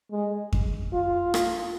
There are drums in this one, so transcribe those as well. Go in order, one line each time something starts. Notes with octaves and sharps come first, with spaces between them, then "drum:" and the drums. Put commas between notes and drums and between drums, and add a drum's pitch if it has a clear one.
G#3
drum: kick F2
F4
drum: rim click